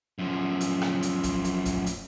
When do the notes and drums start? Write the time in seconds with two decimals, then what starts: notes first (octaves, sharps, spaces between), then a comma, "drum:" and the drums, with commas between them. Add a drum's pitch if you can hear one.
0.19 F#2 F3
0.61 drum: hi-hat
0.82 drum: rim click
1.03 drum: hi-hat
1.23 drum: kick, hi-hat
1.44 drum: hi-hat
1.65 drum: kick, hi-hat
1.86 drum: hi-hat